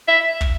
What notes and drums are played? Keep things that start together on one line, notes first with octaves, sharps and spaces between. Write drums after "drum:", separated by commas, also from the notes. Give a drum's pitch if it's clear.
E5
drum: kick